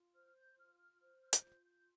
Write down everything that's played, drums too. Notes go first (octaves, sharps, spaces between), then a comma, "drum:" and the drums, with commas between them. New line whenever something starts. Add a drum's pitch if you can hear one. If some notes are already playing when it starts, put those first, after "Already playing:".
Already playing: F4
C5 F6
G6
F4 F6
F6
C5 F6
F6
F6, drum: hi-hat
F4 G6
G6